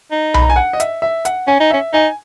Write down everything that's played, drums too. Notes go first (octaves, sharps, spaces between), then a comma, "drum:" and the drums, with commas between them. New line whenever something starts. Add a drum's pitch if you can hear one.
D#4
B5, drum: tom B1
A#5
G#5
F#5
D#5
E5, drum: hi-hat
E5
F#5, drum: hi-hat
C#4 G#5
D#4
C#4 E5
D#4 G#5